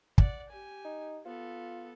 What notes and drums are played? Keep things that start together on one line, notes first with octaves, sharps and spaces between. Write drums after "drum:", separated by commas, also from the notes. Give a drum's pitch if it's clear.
D5 F#5, drum: kick
G4 G#5
D#4
B3 F4 A4